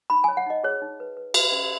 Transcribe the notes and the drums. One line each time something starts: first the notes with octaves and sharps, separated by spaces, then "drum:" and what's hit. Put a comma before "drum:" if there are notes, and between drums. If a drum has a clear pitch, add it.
D#4 B5
C#5 G#5
F#5
D#4 D#5
G#4 C#5
D#4
B4
B4
B4, drum: cymbal
C#4